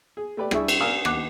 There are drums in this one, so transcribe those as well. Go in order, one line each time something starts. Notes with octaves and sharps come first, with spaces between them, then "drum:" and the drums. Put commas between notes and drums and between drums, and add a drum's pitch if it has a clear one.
G#4
A3 G4 B4 D5
G3 D4 E4 G#4 E5 C#6, drum: rim click
drum: cymbal
A#4 D5 F5 G#5 D#6 E6
D#2 F#5 D6 F#6, drum: rim click